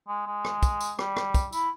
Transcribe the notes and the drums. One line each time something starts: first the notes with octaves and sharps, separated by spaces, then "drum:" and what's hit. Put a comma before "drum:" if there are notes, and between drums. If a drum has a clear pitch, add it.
G#3
G#3
drum: rim click
drum: kick, tambourine
drum: tambourine
G3, drum: rim click
drum: rim click
drum: kick, tambourine
E4, drum: tambourine